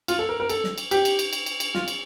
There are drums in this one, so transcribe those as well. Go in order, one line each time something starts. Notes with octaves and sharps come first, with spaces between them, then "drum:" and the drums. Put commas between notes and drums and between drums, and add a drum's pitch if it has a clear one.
F4, drum: cymbal
A4
A#4
A#4
A4, drum: cymbal
drum: snare
drum: cymbal
G4, drum: cymbal
drum: cymbal
drum: cymbal
drum: cymbal
drum: cymbal
drum: cymbal
F4, drum: snare
drum: cymbal